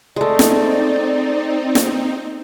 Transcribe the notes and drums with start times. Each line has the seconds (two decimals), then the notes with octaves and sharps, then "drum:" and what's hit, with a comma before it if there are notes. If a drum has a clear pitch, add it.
0.16 G#3 A3 C4 D#4 D5
0.39 drum: snare
1.75 drum: snare